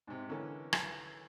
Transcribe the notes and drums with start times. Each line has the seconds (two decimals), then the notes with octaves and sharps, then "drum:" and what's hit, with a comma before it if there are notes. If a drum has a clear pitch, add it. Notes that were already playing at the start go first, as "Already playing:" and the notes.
0.07 G#2 C3
0.29 D3 E3 C#4 A4 A#4
0.73 drum: rim click